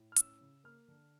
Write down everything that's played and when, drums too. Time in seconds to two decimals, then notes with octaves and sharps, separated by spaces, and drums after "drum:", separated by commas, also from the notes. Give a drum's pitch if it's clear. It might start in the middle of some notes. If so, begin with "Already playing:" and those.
Already playing: A2
0.12 F6
0.16 C#4 E6, drum: hi-hat
0.41 C#3
0.64 A#3 F6
0.88 D3